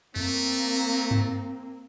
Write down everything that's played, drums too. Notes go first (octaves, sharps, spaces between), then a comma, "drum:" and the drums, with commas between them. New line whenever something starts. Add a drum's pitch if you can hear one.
A3 A#3 C4, drum: tom F2
drum: tom G2